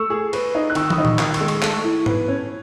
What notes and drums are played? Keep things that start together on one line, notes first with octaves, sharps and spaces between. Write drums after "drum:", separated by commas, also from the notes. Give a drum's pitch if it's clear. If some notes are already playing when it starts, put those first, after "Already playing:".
Already playing: A3 C#6 E6
G#4
B4, drum: cymbal
D#4
F#6
D#3 C#6 E6, drum: cymbal
B5 D#6, drum: tom
D#4
C#6 E6, drum: tom A#2
D#3, drum: clap
C#6 E6, drum: cymbal
G#3
C#6 E6, drum: cymbal
A3 A5 C#6, drum: clap
E4
B4, drum: tom
C#4